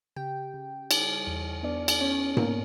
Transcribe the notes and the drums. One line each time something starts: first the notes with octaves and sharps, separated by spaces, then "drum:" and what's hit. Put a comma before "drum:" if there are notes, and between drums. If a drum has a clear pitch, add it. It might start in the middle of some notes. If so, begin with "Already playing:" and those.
C#3 G4 G5
C#3
G3, drum: cymbal
E2
B3 D4 D5
drum: cymbal
B3 C#4 C#5
A#3 B3 A#4, drum: tom G#2